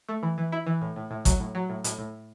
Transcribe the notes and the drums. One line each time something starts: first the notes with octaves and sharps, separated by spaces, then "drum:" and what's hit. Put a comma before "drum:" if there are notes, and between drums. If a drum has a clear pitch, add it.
A3
E3
E3
E4
E3
A2
A2
A2
F#3, drum: kick G#1, hi-hat
A2
F#3
A2
A2, drum: hi-hat
A2